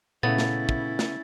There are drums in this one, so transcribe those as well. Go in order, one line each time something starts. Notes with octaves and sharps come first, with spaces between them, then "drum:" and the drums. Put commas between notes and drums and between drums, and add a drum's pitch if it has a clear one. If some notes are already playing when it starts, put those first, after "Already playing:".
A#2 C#3 A3 B3 C#4 E4 A6
drum: snare
drum: kick
drum: snare